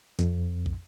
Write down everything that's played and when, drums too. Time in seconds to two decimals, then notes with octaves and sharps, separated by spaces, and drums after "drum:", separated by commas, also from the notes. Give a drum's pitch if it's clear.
0.19 F2, drum: snare
0.66 drum: kick